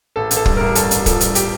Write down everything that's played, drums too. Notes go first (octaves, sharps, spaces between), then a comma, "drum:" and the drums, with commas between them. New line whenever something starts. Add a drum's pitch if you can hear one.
A1 A4
A1, drum: hi-hat
A4
G2, drum: kick
A1 A#4
G2 A4, drum: hi-hat
A1, drum: hi-hat
F3 A4, drum: kick, hi-hat
G2, drum: hi-hat
G4, drum: hi-hat